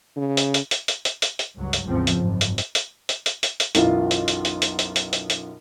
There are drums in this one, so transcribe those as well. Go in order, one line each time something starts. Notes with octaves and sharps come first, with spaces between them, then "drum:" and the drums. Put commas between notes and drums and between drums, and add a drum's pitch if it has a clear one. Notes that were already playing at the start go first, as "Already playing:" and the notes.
C#3
drum: hi-hat
drum: hi-hat
drum: hi-hat
drum: hi-hat
drum: hi-hat
drum: hi-hat
drum: hi-hat
C#2 G2 F#3
drum: hi-hat
A1 E2 G#2 C#3 F3 C4
drum: hi-hat
G#1 F#2
drum: hi-hat
drum: hi-hat
drum: hi-hat
drum: hi-hat
drum: hi-hat
drum: hi-hat
drum: hi-hat
B1 F#2 E3 F4, drum: hi-hat
drum: hi-hat
drum: hi-hat
drum: hi-hat
drum: hi-hat
drum: hi-hat
drum: hi-hat
drum: hi-hat
drum: hi-hat